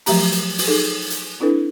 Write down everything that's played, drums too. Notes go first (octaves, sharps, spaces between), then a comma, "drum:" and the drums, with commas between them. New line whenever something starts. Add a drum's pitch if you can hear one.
F3 F#3 A3 G4 A#5, drum: open hi-hat
drum: hi-hat
drum: open hi-hat
D#4 G#4 A4
drum: hi-hat
C4 D4 E4 A4 B4